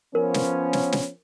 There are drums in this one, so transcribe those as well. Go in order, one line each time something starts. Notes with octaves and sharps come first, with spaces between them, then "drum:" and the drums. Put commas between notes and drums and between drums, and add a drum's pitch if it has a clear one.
F3 B3 C#4 A#4
drum: snare
drum: snare
drum: snare